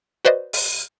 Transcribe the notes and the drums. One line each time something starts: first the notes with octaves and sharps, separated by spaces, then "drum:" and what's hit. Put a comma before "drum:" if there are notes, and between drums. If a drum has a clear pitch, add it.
F#4 B4 C5 D5 D#5
drum: open hi-hat